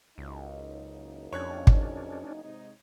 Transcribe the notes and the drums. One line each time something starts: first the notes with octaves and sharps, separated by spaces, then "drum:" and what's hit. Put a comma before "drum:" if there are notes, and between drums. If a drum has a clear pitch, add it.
F#1 C#2 D#4
F2 C#4 D4 C#5 F#6 G#6
drum: kick
G#2 C3 D#4